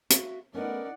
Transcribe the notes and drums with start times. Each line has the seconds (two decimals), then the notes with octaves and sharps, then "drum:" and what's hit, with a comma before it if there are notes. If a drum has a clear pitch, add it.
0.10 F#4 E5 F5, drum: hi-hat
0.54 A3 B3 C#4 D#4 A#4 D5 F#5